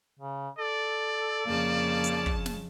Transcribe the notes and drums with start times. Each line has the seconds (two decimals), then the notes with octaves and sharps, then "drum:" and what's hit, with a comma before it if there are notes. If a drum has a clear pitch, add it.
0.20 C#3
0.58 A4 D5
1.46 F2 C#3 A#3 A5
2.04 drum: hi-hat
2.26 drum: kick
2.46 drum: snare